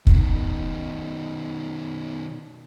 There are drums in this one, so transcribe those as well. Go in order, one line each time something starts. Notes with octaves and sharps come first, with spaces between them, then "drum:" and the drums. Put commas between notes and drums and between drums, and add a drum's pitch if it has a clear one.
B2 D#3, drum: kick